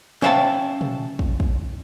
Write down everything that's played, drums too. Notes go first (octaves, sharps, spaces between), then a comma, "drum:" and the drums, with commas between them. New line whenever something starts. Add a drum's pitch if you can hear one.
C#4 C5 E5 F5 G5 A5, drum: snare
drum: tom
drum: kick
drum: kick